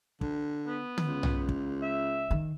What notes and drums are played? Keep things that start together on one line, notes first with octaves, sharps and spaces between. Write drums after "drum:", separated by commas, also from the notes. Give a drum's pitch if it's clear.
D3, drum: kick
B3
drum: tom D3
C#2
drum: tom B1
drum: kick
E5
D#3